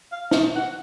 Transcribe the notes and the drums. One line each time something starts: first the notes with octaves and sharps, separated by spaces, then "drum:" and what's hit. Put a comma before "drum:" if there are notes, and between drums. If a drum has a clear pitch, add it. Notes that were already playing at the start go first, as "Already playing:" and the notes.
F5
drum: snare
F#5